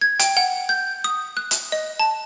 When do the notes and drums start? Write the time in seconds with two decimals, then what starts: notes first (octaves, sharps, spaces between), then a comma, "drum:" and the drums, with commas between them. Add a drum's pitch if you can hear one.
0.01 G#6
0.20 G5, drum: hi-hat
0.37 F#5
0.69 G6
1.04 D#6
1.37 F#6
1.51 drum: hi-hat
1.72 D#5
2.00 A5